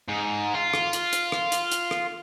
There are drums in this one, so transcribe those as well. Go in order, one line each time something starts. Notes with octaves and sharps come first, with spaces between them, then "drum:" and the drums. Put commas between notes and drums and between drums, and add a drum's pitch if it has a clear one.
G#2
F4
drum: rim click
drum: hi-hat
drum: hi-hat
drum: rim click
drum: hi-hat
drum: hi-hat
drum: rim click